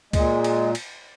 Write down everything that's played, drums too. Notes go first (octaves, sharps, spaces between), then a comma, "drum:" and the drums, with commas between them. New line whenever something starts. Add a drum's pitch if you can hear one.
A#2 G#3, drum: kick C#2, cymbal
drum: cymbal
drum: cymbal